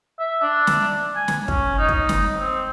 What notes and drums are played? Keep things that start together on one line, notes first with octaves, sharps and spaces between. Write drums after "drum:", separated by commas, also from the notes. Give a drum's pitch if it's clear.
E5
D4
drum: snare
G#5
drum: snare
C#4, drum: kick
D#4
drum: kick
drum: snare
C4